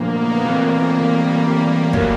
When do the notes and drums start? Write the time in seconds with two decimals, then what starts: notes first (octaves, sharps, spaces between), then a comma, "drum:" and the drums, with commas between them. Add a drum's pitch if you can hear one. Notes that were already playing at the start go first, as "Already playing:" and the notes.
Already playing: A#2 F3 A3 A#3 D4
0.09 B3
0.45 E3 A3 A#3 C4 F4
0.83 G3
1.93 A3 C#4 F#4 A#4, drum: kick